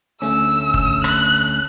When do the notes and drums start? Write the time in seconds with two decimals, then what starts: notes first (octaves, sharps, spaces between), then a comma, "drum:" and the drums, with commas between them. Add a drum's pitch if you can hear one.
0.22 D2 A3 C#4 E6
0.74 drum: kick
1.04 F#6, drum: rim click